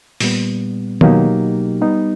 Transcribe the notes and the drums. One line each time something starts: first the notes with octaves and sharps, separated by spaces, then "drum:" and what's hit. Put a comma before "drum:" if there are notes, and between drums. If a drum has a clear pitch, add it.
A#2 G3 B3, drum: open hi-hat
B2 F#3 A#3 D#4 G4, drum: tom D#3
G3 B3 D#4